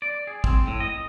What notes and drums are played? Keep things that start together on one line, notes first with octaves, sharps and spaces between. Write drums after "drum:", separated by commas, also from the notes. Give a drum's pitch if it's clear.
D5
G#4
C4, drum: kick
A2
D#5